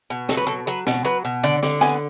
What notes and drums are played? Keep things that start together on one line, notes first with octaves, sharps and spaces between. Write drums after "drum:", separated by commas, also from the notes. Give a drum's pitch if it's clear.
B2
F#3 A4, drum: snare
B4
B2 A4
F#3 B4, drum: hi-hat
B2, drum: snare
F#3 B4, drum: hi-hat
B2
D3 D5, drum: hi-hat
D3, drum: snare
B3 G#5, drum: snare